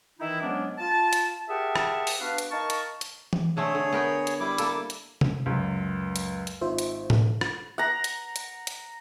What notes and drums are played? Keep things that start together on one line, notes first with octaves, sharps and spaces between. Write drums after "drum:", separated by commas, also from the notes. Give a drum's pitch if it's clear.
D#3 E3 D#4 E4
G#2 F#3 G#3 B3 C#4 D4
F4 A5
drum: hi-hat
G4 G#4 A#4 E5 F#5 A5
drum: rim click
drum: open hi-hat
B3 D4 F#4 B4 F5
drum: hi-hat
D#4 A#4 F5 A5 C#6
drum: hi-hat
drum: hi-hat
drum: tom E3
D3 A3 C4 G#4 C#5
D3
B3 A#4 G5
drum: hi-hat
G3 E4 D6
A#3 A4, drum: hi-hat
drum: hi-hat
drum: tom C3
C#2 F#2
drum: hi-hat
drum: hi-hat
G#1 F4 C5 E5
drum: hi-hat
drum: tom A2
drum: rim click
F#5 A#5
drum: hi-hat
drum: hi-hat
drum: hi-hat